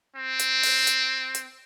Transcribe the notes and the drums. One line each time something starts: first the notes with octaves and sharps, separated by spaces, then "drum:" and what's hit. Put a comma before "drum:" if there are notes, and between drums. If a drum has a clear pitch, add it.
C4
drum: hi-hat
drum: open hi-hat
drum: hi-hat
drum: hi-hat